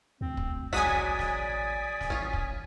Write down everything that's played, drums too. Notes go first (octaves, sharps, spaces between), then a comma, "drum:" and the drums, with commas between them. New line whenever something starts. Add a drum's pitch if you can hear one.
D2 C4
drum: kick
A1 F#3 G#3 F#4 D5 G#5 D#6 B6
drum: snare
drum: snare
drum: snare
A1 C#4 F4
drum: kick